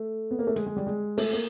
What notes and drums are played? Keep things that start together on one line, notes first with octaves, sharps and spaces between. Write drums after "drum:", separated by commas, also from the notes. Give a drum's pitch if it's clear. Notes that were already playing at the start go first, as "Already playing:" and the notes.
Already playing: A3
B3
A#3
A3
G#3, drum: hi-hat
G#3
G3
G#3
A3, drum: open hi-hat
A#3